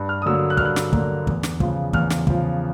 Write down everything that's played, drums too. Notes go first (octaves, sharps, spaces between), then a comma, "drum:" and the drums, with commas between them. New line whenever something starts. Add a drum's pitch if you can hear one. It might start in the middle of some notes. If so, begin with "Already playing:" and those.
Already playing: G2
F6
D#6
D3 F#3 A#3 E6
F#6
G2 F6, drum: kick
F#6
drum: snare
D3 F#3 A#3, drum: kick
E2, drum: kick
drum: snare
C#3 F3, drum: kick
E2 F6, drum: kick
drum: snare
C#3 F3, drum: kick